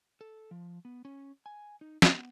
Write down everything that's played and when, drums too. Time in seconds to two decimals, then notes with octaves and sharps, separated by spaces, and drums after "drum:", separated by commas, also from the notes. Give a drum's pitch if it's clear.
0.21 A4
0.51 F3
0.85 B3
1.05 C#4
1.46 G#5
1.81 D#4
2.02 B3, drum: snare